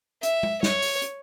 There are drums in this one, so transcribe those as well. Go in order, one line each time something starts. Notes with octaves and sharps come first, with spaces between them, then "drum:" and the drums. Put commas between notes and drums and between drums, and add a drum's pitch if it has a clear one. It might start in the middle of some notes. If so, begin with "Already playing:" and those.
E5, drum: hi-hat
drum: tom
C#5, drum: snare
drum: open hi-hat
drum: hi-hat